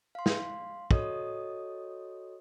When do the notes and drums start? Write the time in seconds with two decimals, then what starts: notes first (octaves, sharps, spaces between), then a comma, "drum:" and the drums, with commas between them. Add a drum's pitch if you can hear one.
0.15 F5 C6
0.26 drum: snare
0.91 F#4 A4 C#5 D#5 D#6, drum: kick